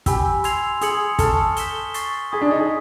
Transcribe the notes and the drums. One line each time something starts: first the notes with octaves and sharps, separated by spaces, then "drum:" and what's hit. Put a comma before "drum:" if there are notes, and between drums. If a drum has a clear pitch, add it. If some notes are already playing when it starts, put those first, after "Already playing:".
G4 G#5 B5 E6, drum: kick, hi-hat
C6 E6 G#6 C7 F7, drum: hi-hat
G#4 C6 D#6 G#6 C#7 F#7, drum: hi-hat
A4 G#5 C#6 F6, drum: kick, hi-hat
G6 B6 E7 G7, drum: hi-hat
C#6 F6 A6 C7, drum: hi-hat
G#4 B5 D#6 G#6 B6
D4
D#4
G#4